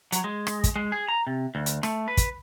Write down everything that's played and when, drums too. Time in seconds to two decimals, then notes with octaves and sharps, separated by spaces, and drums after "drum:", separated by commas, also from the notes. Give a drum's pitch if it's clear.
0.12 F#3, drum: hi-hat
0.24 G#3
0.47 drum: rim click
0.64 drum: kick, hi-hat
0.76 G#3
0.92 G#4
1.08 A#5
1.27 C3
1.55 D2
1.66 drum: hi-hat
1.83 A3, drum: rim click
2.08 B4
2.17 drum: kick, hi-hat